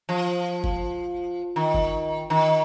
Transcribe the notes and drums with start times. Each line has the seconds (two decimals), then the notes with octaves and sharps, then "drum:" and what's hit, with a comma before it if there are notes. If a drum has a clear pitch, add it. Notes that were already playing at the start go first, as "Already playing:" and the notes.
0.09 F3
0.64 drum: kick F1
1.56 D#3
1.74 drum: kick F1
2.30 D#3